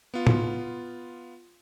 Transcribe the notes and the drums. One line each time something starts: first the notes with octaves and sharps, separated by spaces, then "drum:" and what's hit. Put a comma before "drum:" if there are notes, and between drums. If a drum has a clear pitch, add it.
B3 F4
drum: tom A2